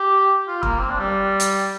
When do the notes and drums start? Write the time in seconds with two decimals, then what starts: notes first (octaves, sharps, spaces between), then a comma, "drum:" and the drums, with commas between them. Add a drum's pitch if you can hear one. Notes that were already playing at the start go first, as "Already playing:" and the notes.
Already playing: G4
0.48 F4
0.63 A#3, drum: kick
0.79 C4
0.90 D4
0.99 G3
1.40 drum: hi-hat